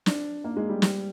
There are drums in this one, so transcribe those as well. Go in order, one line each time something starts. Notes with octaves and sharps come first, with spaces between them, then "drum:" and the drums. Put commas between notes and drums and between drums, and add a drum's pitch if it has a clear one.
D4, drum: snare
A#3
G#3
G3
G3, drum: snare